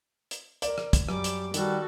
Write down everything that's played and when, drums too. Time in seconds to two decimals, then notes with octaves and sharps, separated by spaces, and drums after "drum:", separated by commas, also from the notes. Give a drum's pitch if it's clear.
0.31 drum: hi-hat
0.62 A#4 D5, drum: hi-hat
0.78 drum: rim click
0.93 drum: kick, hi-hat
1.09 F#2 G3 D6, drum: rim click
1.24 drum: hi-hat
1.54 D#3 G3 F#4 A4, drum: hi-hat